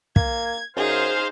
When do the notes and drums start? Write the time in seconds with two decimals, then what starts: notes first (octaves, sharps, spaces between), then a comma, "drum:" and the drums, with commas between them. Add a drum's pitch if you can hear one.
0.16 A#3 G#6, drum: kick
0.76 F#2 D#4 G#4 C5 F5